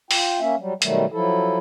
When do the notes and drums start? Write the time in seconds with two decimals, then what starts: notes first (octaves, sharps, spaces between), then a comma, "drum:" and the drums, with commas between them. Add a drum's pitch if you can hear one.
0.11 F4 G5, drum: open hi-hat
0.40 A#3 C#4 E5
0.58 F#3 G3
0.82 B2 D#3 F#3 G3 A3, drum: hi-hat
1.12 F3 F#3 E4 A4